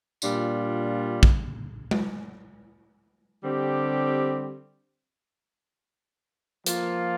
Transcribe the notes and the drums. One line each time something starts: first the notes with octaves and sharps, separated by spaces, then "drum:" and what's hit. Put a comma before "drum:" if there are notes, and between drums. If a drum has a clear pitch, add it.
A#2 G3 D4 F4, drum: tambourine
drum: kick A#1
drum: tom G#3
D3 G3 C4 G4
F3 A#3 F4, drum: hi-hat